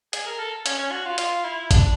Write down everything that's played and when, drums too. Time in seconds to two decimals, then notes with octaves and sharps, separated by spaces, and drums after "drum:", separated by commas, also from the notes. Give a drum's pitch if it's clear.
0.13 G#4, drum: hi-hat
0.26 A#4
0.39 A4
0.66 C#4, drum: hi-hat
0.79 C#4
0.92 F#4
1.05 F4
1.18 F4, drum: hi-hat
1.44 E4
1.71 D4, drum: kick, hi-hat